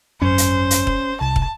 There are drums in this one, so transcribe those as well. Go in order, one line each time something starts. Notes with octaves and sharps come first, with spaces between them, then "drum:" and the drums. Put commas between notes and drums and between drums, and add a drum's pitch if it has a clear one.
G#1 F#2 C#4 C5
drum: hi-hat
drum: hi-hat
drum: kick
C2 A5
drum: kick